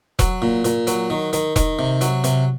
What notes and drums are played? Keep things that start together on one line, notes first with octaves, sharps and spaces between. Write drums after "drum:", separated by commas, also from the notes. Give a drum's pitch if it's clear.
F#3, drum: kick E1, hi-hat
A#2
A#2, drum: hi-hat
F#3, drum: hi-hat
D#3
D#3, drum: hi-hat
D#3, drum: kick E1, hi-hat
C3
F#3, drum: hi-hat
C3, drum: hi-hat